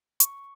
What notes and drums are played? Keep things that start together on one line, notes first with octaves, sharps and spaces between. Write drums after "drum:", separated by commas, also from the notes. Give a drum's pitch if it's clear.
C#6, drum: hi-hat